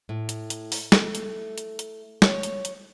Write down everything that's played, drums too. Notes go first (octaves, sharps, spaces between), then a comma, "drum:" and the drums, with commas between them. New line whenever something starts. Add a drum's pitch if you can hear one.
A2
drum: hi-hat
drum: hi-hat
drum: open hi-hat
A3, drum: snare
drum: hi-hat
drum: hi-hat
drum: hi-hat
C#5, drum: snare
drum: hi-hat
drum: hi-hat